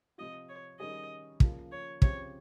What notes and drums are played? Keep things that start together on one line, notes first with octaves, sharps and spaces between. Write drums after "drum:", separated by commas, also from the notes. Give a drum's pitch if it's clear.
C3 F3 C4 F4 D#5
C#5
D#3 G3 C#4 G#4 C#5 D#5
C#3 F3 A#3 F4, drum: kick
C#5
C#3 F3 C4 G4 C5 C#5, drum: kick